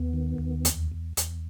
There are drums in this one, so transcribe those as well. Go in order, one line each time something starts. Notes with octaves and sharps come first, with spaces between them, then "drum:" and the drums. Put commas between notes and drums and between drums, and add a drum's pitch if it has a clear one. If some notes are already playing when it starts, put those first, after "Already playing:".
Already playing: D#2 B3
D#3
D#2
E2, drum: hi-hat
E2
E2, drum: hi-hat